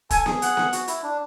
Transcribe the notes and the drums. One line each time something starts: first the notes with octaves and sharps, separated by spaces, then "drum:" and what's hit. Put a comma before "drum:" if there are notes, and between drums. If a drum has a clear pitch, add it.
A4 G#5, drum: kick, hi-hat
G#4, drum: snare B3
F#5, drum: hi-hat
drum: snare B3
F#4, drum: hi-hat
E4, drum: hi-hat
D4